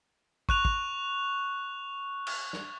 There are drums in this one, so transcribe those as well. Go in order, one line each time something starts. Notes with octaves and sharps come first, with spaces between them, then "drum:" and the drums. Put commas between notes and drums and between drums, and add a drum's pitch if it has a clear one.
C#6 F#6 F7, drum: kick
drum: kick
drum: cymbal
drum: snare